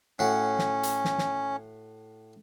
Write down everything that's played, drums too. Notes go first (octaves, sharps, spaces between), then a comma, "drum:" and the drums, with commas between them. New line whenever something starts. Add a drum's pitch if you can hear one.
A2 C#4 F#4
drum: snare
drum: hi-hat
drum: snare
drum: snare